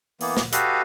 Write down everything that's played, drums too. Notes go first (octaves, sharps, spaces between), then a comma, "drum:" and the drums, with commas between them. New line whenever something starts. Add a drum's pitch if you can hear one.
E3 A#3 B3, drum: open hi-hat
drum: snare
F#4 G4 A4 B4 D#5 F5, drum: hi-hat